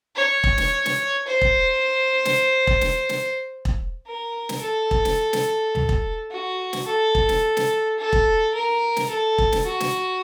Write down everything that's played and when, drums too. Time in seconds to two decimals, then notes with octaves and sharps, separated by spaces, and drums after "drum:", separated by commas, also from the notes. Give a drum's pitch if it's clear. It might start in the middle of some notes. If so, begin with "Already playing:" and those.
0.16 C#5
0.44 drum: kick E1
0.58 drum: snare
0.86 drum: snare
1.27 C5
1.41 drum: kick E1
2.25 drum: snare
2.67 drum: kick E1
2.81 drum: snare
3.09 drum: snare
3.65 drum: kick E1
4.07 A#4
4.49 drum: snare
4.62 A4
4.91 drum: kick E1
5.05 drum: snare
5.33 drum: snare
5.75 drum: tom C#2
5.89 drum: kick E1
6.31 F#4
6.73 drum: snare
6.87 A4
7.15 drum: kick E1
7.29 drum: snare
7.57 drum: snare
7.99 A4
8.13 drum: kick E1
8.55 A#4
8.96 drum: snare
9.10 A4
9.38 drum: kick E1
9.52 drum: snare
9.66 F#4
9.80 drum: snare